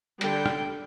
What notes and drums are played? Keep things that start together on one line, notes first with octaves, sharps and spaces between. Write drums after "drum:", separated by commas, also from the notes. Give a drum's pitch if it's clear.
D3 G3 G5, drum: hi-hat
drum: rim click